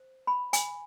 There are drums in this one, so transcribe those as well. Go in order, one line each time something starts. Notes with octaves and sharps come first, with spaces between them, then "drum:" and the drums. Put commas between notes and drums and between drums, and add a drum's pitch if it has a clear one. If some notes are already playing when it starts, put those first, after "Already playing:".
Already playing: C5
B5
G#5, drum: hi-hat